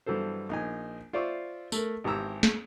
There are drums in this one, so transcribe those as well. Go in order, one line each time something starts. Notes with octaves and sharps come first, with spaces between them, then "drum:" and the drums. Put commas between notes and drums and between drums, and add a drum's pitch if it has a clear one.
G2 E3 F#3 A4 C5
A#1 D#4 G#5
F4 C5 D5 E5 C#6 D6
A3 A#4, drum: tambourine
G#1 E3 G4 G#5 A#5 E6
drum: snare